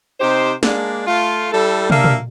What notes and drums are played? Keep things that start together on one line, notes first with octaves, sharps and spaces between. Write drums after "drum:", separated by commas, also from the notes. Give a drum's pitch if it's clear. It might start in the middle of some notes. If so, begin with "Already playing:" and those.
C3 D#4 G4 C5
G#3 A#3 D4, drum: snare
A3 F4
G3 E4 A4
A#3 D4 A#4 E5, drum: tom
drum: tom